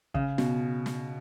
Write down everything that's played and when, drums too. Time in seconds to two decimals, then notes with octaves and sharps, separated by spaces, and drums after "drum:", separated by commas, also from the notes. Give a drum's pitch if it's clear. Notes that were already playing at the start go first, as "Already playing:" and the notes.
0.14 C#3, drum: kick
0.38 B2, drum: snare
0.86 drum: snare